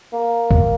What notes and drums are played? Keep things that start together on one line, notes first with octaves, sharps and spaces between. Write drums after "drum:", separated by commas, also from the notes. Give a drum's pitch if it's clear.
A#3
drum: kick